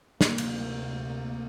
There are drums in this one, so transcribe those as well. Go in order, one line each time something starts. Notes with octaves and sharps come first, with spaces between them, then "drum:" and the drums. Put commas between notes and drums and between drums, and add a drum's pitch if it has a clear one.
D2 C3 A#3, drum: snare
drum: cymbal
A#3